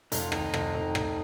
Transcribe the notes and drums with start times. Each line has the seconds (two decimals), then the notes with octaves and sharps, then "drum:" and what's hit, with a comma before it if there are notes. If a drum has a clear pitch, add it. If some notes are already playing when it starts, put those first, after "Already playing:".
0.12 F1 D#4, drum: hi-hat
0.21 F4
0.32 D#3 D#4, drum: rim click
0.54 F1, drum: rim click
0.75 F1
0.95 F1, drum: rim click